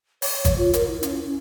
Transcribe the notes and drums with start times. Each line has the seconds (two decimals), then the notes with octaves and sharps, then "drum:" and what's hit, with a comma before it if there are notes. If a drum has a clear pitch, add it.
0.22 C#5, drum: open hi-hat
0.45 C#5, drum: kick G#1, hi-hat
0.58 F4
0.73 A#4, drum: hi-hat
0.88 E4
1.03 C#4, drum: hi-hat
1.26 C#4